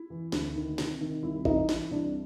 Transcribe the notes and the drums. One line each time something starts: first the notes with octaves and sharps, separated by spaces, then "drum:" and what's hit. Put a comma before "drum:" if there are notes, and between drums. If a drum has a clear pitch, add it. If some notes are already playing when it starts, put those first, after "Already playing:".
Already playing: E4
E3
D2, drum: snare
D#3
C3, drum: snare
D#3
C2 E4
E3 D#4, drum: kick
E3 E4, drum: snare
C2 D4